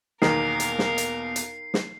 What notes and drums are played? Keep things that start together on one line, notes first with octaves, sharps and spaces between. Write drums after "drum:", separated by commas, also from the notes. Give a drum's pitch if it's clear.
E2 B2 D#3 A#3 A#4 F5 C7, drum: snare
drum: hi-hat
drum: snare
drum: hi-hat
drum: hi-hat
drum: snare